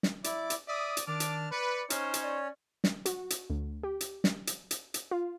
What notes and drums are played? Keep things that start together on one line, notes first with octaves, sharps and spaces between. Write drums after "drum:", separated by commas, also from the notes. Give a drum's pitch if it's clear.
drum: snare
E4 D5 D6, drum: hi-hat
drum: hi-hat
D5 E5 D#6
drum: hi-hat
D#3 D4 A5 D6 F6
drum: hi-hat
B4 D5 C#7
C#4 D#4 C5 C#5 F6, drum: hi-hat
drum: hi-hat
D5
drum: snare
F#4, drum: hi-hat
drum: hi-hat
D2
G4
drum: hi-hat
drum: snare
drum: hi-hat
drum: hi-hat
drum: hi-hat
F4